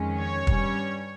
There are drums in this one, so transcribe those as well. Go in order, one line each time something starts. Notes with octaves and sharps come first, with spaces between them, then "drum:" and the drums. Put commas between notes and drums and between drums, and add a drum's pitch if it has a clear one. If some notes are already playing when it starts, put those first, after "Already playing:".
Already playing: F2 D#3 G#3 C#4
C#5
G2 G3 C#4, drum: kick